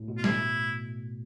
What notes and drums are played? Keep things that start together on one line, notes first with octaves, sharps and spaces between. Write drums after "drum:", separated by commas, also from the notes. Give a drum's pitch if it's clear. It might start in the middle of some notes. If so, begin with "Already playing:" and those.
Already playing: A2
B2
F4
E4, drum: snare